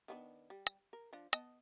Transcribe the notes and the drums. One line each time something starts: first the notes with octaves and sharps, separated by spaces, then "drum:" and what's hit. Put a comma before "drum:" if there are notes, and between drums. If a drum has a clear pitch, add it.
D#3 B3 D4
G3
drum: hi-hat
A#4
F3 D4
B3 D#5 A5, drum: hi-hat